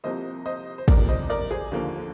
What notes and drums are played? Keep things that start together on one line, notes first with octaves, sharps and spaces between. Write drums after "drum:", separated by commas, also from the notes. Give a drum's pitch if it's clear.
C2 C3 F3 A#3 C5 D#5
C5 D#5
C5
C2 C3 F3 A#3 A#4 D5, drum: kick
C5 D#5
A#4 D5
G#4 C5
D#2 D3 F3 A#3